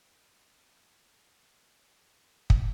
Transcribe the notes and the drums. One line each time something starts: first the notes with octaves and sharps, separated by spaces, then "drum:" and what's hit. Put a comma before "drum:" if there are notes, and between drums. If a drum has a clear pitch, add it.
D#6 G6 A#6 C#7 D7
drum: kick